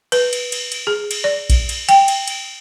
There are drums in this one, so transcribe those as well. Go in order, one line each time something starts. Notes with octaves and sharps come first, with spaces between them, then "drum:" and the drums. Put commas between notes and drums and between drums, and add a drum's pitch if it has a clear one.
B4, drum: cymbal
drum: cymbal
drum: cymbal
drum: cymbal
G#4
drum: cymbal
D5
drum: kick A#1, cymbal
drum: cymbal
G5, drum: cymbal
drum: cymbal
drum: cymbal